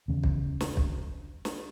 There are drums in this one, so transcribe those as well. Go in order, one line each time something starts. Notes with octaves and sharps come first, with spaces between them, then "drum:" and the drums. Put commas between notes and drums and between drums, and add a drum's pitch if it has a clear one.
E2 C#3
drum: kick
drum: snare
drum: kick
drum: snare